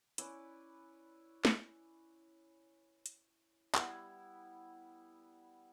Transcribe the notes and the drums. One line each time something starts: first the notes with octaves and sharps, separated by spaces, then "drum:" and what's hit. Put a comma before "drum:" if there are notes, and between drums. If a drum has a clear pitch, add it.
C#4 E4 B4 D5, drum: hi-hat
drum: snare
drum: hi-hat
G3 B3 E4, drum: clap